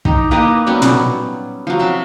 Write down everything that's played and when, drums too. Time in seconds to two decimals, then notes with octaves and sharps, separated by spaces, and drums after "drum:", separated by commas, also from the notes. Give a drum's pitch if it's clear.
0.05 D#4 G4, drum: kick
0.31 A#3 G4 B4 D#5
0.66 F#3 G3 B3 C#4
0.82 drum: tom
1.67 F3 F#3
1.79 C3 E5 A5